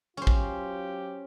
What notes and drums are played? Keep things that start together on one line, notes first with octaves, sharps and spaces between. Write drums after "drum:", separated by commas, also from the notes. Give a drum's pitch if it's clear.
F#3 C#4 F4 G4 C5
drum: kick